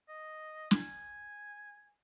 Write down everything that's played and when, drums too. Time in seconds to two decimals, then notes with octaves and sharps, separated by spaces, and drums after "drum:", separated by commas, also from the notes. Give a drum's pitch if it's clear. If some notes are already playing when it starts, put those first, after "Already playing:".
0.09 D#5
0.71 G#5, drum: snare